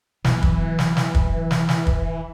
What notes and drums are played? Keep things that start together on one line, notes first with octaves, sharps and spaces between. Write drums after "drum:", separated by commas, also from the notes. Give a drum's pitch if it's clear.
B2 E3 F#3, drum: snare
drum: kick
drum: snare
drum: snare
drum: kick
drum: snare
drum: snare
drum: kick